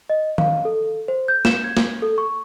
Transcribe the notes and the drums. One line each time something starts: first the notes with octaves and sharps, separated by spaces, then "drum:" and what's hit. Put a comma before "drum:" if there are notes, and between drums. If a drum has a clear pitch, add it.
D#5
F5, drum: tom D#3
A4
C5
G6
E7, drum: snare
G#6
drum: snare
A4
C#6